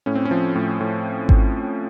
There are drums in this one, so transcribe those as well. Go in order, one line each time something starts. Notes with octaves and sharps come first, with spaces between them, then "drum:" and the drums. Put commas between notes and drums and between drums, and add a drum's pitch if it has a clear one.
A2 C#4
C4
C#4
F3
A2
A2
drum: kick G#1